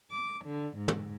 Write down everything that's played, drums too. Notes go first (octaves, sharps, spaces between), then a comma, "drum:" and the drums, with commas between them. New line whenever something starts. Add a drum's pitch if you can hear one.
D6
D3
G#2
drum: tom